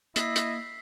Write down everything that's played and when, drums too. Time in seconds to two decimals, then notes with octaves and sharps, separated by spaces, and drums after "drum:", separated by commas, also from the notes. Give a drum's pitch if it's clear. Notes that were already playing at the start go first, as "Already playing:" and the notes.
0.16 A#3 E4 D#5 E6 B6 C7, drum: hi-hat
0.36 drum: hi-hat